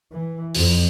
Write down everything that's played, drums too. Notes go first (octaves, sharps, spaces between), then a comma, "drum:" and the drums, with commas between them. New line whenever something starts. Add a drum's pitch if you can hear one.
E3
F2, drum: open hi-hat